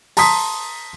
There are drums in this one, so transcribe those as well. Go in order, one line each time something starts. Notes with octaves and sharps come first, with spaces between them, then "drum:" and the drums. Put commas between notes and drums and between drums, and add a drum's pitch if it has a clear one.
A5 A#5 C6 D#6 B6, drum: open hi-hat